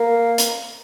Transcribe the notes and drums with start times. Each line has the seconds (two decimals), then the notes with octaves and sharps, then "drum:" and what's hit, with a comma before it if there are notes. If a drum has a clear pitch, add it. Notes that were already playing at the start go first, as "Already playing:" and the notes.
Already playing: A#3
0.38 drum: hi-hat